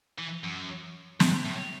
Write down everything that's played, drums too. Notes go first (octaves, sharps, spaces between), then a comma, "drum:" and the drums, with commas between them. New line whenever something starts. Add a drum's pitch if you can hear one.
E3
F#2
G#2, drum: snare
A2